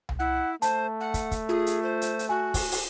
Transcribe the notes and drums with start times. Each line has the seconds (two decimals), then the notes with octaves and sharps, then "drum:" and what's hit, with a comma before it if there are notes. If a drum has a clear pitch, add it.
0.09 drum: tom C2
0.19 E4 F#5
0.62 A3 C5 A5, drum: hi-hat
1.00 F#5
1.14 drum: kick, hi-hat
1.31 drum: kick, hi-hat
1.49 F4 G#4
1.66 drum: hi-hat
1.83 C5
2.01 drum: hi-hat
2.19 drum: hi-hat
2.29 F#4 G#5
2.54 drum: kick, open hi-hat
2.72 drum: open hi-hat